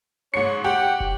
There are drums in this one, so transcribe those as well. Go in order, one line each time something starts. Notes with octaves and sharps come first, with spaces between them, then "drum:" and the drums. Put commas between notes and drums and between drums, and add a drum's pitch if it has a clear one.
G#2 C#5 C#7
G4 F#5
drum: kick